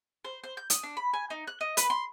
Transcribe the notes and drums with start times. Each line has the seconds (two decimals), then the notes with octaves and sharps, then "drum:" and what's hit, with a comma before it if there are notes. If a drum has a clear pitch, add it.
0.24 C5
0.44 C5
0.57 G6
0.70 D#6, drum: hi-hat
0.83 D4
0.97 B5
1.13 G#5
1.30 D#4
1.47 F#6
1.61 D#5
1.77 B4, drum: hi-hat
1.90 C6